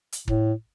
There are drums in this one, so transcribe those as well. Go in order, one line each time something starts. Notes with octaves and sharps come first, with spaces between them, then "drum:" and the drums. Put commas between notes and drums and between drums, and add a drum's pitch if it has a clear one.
drum: hi-hat
A2, drum: kick